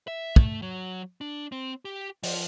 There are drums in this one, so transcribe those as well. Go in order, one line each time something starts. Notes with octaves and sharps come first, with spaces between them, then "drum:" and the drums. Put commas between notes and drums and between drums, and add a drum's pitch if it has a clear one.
E5
A3, drum: kick
F#3
D4
C4
G4
F3, drum: open hi-hat